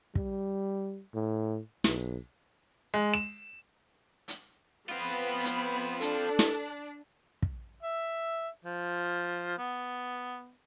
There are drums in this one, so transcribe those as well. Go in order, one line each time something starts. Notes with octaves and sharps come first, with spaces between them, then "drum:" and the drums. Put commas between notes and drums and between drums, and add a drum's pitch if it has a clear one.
G3, drum: kick
A2
B1, drum: snare
G#3
E7
drum: hi-hat
B3 C4 F4 B5
drum: hi-hat
D4 A4, drum: hi-hat
drum: snare
drum: kick
E5
F3
B3